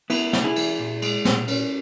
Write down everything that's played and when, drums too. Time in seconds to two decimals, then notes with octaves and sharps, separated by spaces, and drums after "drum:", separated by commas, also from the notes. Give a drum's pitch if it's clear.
0.10 B3 E4, drum: cymbal
0.33 C#3, drum: snare
0.44 E4 G#4
0.56 E3, drum: cymbal
0.79 A#2
1.02 G#3, drum: cymbal
1.25 A#2, drum: snare
1.48 C#4, drum: cymbal